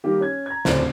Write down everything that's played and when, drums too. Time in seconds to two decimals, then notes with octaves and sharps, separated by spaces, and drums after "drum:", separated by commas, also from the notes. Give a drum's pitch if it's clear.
0.04 D#3 G3 A#3 G4
0.20 C#4 G#6
0.46 A#5 G#6
0.65 D1 C#3 C4 A4 D5, drum: snare